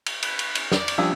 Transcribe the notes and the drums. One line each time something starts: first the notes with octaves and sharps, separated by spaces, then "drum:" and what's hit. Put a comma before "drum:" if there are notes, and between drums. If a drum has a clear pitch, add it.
drum: cymbal
B4, drum: cymbal
drum: cymbal
drum: cymbal
D5, drum: snare
drum: cymbal
F3 G3 C#4 D4 G#4 F5 E6